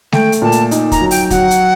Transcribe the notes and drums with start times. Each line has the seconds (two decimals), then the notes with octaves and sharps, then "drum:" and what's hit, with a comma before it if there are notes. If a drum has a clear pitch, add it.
0.12 A3 G5, drum: snare
0.32 drum: hi-hat
0.42 A#2 A5
0.52 drum: hi-hat
0.71 D#4, drum: hi-hat
0.92 A#5, drum: kick, hi-hat
1.01 F#3
1.11 G5, drum: open hi-hat
1.30 F#3 F#5, drum: kick, hi-hat
1.51 drum: hi-hat